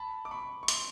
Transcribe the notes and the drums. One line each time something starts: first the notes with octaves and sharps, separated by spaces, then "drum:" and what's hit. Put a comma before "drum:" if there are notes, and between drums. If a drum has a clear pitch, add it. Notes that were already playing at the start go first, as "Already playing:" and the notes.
Already playing: A5 B5
D6
B5 C#6
C#6
C6 D6, drum: hi-hat